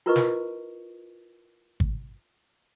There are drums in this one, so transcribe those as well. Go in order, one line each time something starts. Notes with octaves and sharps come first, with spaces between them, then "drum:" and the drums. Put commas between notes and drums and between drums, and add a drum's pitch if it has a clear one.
E4 F4 A#4 B4 D#5 C#6
drum: snare
drum: kick